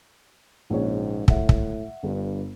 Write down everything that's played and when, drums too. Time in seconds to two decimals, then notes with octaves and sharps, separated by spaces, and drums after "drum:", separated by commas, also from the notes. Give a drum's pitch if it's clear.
0.70 A#1 G#2 C#3 C#5
1.28 A2 E5 F#5, drum: kick
1.49 drum: kick
2.04 G1 G2